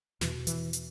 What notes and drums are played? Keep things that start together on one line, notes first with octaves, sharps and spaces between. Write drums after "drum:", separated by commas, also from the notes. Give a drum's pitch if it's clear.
E2 B2 E3, drum: snare
E3, drum: hi-hat
drum: hi-hat